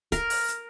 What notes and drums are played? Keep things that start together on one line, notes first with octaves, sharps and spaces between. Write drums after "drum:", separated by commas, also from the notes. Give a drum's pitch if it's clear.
A#4, drum: kick, hi-hat
drum: open hi-hat
drum: hi-hat